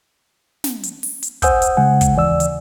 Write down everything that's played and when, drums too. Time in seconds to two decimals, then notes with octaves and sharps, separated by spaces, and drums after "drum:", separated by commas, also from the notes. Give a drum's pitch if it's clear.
0.64 drum: snare
0.83 drum: hi-hat
1.03 drum: open hi-hat
1.23 drum: hi-hat
1.42 C5 F#5 G#5 D#6 E6 G6, drum: kick, hi-hat
1.62 drum: hi-hat
1.77 C#3 G#3 F#5 G#5
2.01 drum: kick, hi-hat
2.15 D#2 E3 D5 E6
2.40 drum: hi-hat